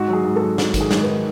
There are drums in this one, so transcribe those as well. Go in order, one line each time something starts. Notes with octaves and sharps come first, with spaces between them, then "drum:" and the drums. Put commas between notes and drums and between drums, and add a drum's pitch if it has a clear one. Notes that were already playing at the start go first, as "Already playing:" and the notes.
Already playing: G#2 F#4
F#3
G#4
G#2
A4
F#3
G#2, drum: snare
D#3, drum: kick, hi-hat
G#4
G#2, drum: snare
D#3 B4